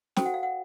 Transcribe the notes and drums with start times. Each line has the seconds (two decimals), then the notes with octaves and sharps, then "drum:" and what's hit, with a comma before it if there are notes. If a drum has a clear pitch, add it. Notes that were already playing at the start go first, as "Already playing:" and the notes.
0.17 F#4 A4 C5 G5, drum: snare
0.26 F#5
0.34 F5
0.43 F#5